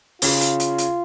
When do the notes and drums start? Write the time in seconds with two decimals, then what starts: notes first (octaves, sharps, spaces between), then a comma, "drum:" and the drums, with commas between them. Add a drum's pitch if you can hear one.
0.22 C#3 F4, drum: open hi-hat
0.41 drum: hi-hat
0.60 drum: hi-hat
0.78 drum: hi-hat